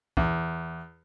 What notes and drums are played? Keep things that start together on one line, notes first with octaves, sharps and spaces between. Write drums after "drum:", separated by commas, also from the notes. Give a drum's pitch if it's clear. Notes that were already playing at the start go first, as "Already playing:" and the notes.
E2, drum: kick